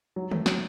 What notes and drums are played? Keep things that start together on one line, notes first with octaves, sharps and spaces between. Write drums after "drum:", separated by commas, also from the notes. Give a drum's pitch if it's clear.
F#3
A3, drum: tom D3
F#3, drum: snare